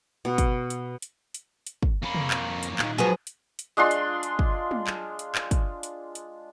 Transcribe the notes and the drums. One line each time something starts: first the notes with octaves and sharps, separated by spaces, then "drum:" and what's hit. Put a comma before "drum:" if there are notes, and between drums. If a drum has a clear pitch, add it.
B2
drum: kick, hi-hat
drum: hi-hat
drum: hi-hat
drum: hi-hat
drum: hi-hat
drum: kick
F2 A#3 C#4 B5
drum: tom
drum: clap
drum: hi-hat
A#2 D#4, drum: clap
F2 G#2 F3 F#3 F#4 G#4 B4
drum: hi-hat
drum: hi-hat
G#3 D4 F4 C6
drum: hi-hat
drum: hi-hat
drum: kick
drum: tom
drum: clap
drum: hi-hat
drum: clap
drum: kick, hi-hat
drum: hi-hat
drum: hi-hat